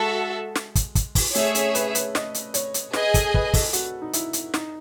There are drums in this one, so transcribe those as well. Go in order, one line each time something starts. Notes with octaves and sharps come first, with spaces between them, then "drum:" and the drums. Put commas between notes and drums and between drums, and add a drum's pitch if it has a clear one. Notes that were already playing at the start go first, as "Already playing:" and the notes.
Already playing: G#3 F#4 A4 E5
drum: snare
drum: kick, hi-hat
drum: kick, hi-hat
drum: kick, open hi-hat
A3 G#4 C#5 E5, drum: hi-hat
C#4, drum: hi-hat
B4, drum: hi-hat
B4, drum: hi-hat
D#5, drum: snare
drum: hi-hat
C#5, drum: hi-hat
drum: hi-hat
G#4 B4 D#5 G#5, drum: snare
A4, drum: kick, hi-hat
B4, drum: kick
A4, drum: kick, open hi-hat
F#4, drum: hi-hat
D#4
E4, drum: hi-hat
drum: hi-hat
D#4, drum: snare